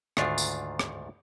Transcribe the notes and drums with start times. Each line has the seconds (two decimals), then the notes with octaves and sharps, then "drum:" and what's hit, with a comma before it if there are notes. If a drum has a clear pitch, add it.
0.17 D2 G#2 D#3 D4 F4, drum: rim click
0.38 drum: tambourine
0.79 drum: rim click